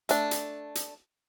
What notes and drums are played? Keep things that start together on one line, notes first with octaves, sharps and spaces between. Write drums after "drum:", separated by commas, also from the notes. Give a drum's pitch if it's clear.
A3 D4, drum: hi-hat
drum: hi-hat
drum: hi-hat